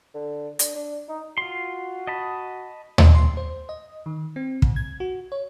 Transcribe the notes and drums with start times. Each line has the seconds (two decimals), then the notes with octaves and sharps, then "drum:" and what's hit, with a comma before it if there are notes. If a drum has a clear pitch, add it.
0.15 D3
0.59 D4, drum: hi-hat
0.75 D4
1.09 D#4
1.38 F4 F#4 C6
2.07 D#5 A5 B5
2.98 drum: tom D#2
3.15 C6
3.37 C5
3.69 D#5
4.06 D#3
4.36 C4
4.62 A#2, drum: kick
4.76 G#6
5.00 F#4
5.32 C#5